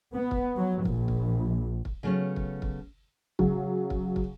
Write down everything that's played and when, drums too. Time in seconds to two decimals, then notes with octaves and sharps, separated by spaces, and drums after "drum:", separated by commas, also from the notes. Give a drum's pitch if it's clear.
0.14 B3
0.31 drum: kick
0.57 F#3
0.85 A#1, drum: kick
1.08 drum: kick
1.85 drum: kick
2.03 C#3 F#3 A3 B3 C#4
2.36 drum: kick
2.62 drum: kick
3.39 C#3 F#3, drum: kick
3.90 drum: kick
4.16 drum: kick